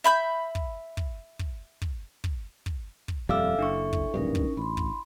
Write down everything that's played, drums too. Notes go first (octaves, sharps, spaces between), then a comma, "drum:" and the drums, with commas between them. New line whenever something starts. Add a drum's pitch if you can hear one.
E5 B5 G6
drum: kick
drum: kick
drum: kick
drum: kick
drum: kick
drum: kick
drum: kick
D#1 F2 G3 A4 E5 F5 D6 E6
F#1 D4 E4 C#6
drum: kick
D1 A#1 G2 C#4 D#4 A#4
drum: kick
A1 B5 C6
drum: kick